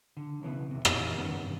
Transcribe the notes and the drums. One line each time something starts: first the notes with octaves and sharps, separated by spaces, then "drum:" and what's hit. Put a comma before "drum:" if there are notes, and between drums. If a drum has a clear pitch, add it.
D3
B1 C#3 E3 B3
D#2 C3
A#2 E3 D#5, drum: rim click
G2 D#3 G3 B3 C#4
G2 C3